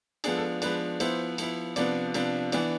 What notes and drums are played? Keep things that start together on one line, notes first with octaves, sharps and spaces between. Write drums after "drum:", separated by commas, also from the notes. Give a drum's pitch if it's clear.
F3 G#3 B3 D4 G#4, drum: cymbal
A4
F3 G#3 B3 D4 B4, drum: cymbal
F3 B3 E4 C5, drum: cymbal
F3 B3 E4, drum: cymbal
C3 F3 B3 D4 D5, drum: cymbal
C3 F3 B3 D4, drum: cymbal
E3 B3 D4, drum: cymbal